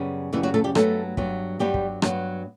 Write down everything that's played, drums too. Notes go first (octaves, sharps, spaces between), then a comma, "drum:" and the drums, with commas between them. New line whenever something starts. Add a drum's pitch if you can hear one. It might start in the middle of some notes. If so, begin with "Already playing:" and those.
Already playing: F#2 C#3 G3 B3
F#2 C#3 E3 G3 B3 E4
F#3 F#4
A3 A4
G3 G4
G2 F#3 A3 B3 A4, drum: rim click
G2 F#3 B3, drum: kick
G2 F#3 G3 B3 G4
drum: kick
G2 F#3 B3, drum: rim click